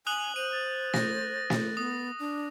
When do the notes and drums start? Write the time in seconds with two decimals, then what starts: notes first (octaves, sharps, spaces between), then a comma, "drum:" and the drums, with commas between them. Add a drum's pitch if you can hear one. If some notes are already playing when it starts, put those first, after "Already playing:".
0.07 G#5 D#6 F#6 D#7 F#7
0.36 C5 D#7 F#7
0.52 A6
0.94 A#6, drum: snare
1.50 drum: snare
1.77 B3 D#6
2.19 D4